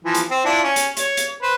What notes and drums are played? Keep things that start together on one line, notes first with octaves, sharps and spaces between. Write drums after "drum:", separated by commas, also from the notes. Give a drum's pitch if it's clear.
E3 F3
drum: hi-hat
C4
D4 E4 F4
C#4
drum: hi-hat
C#5, drum: hi-hat
drum: hi-hat
B4 C5